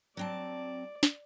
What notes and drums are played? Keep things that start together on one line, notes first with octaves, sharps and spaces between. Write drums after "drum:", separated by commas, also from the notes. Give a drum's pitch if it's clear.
F#3 C4 D5 A5
drum: snare